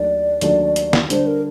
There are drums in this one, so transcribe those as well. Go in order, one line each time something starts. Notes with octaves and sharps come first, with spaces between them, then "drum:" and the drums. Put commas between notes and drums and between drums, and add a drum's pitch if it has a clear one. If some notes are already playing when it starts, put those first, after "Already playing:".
Already playing: D#2 D#3 F#3 A3 D4 D5
D#2 D#3 F#3 A3 D4, drum: hi-hat
drum: hi-hat
drum: snare
D3 G3 D4 C5, drum: hi-hat
A#4